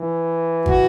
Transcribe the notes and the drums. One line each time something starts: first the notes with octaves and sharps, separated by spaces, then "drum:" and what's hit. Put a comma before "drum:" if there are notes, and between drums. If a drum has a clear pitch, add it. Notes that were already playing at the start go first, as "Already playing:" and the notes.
Already playing: E3
F#4, drum: kick